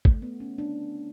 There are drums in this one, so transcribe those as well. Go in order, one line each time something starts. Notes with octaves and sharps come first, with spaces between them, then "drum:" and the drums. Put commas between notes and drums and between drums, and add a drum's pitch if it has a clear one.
A3, drum: kick
B3
C#4
D4